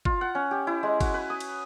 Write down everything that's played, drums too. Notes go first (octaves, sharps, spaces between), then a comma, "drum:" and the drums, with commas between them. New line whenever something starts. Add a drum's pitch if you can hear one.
F4, drum: kick G1
F#5
C#4
G4
E4
G#3
F#4, drum: kick G1, cymbal
B4
D#6
drum: cymbal